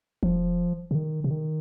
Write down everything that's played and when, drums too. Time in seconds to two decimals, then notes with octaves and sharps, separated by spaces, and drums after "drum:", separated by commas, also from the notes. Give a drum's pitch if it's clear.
0.23 F3, drum: kick E1
0.91 C3
0.95 D#3
1.24 C3
1.31 D#3